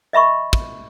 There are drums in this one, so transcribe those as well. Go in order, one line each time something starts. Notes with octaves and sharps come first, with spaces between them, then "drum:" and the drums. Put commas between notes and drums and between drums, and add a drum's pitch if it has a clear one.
D#5 E5 B5 C#6
drum: kick